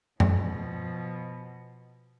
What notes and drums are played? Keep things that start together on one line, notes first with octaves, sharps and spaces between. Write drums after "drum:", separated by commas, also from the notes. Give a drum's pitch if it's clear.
B2 F3, drum: tom F#2